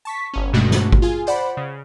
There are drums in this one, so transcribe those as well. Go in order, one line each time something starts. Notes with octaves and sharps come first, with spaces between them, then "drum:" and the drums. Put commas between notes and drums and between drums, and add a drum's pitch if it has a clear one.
A5 C#6 B6
G1 C#4
G2 B2 G#3 A3 D4 F#4
drum: snare
drum: kick G#1
F4 G#4 G#5
C5 D5 F#5 B5
C#3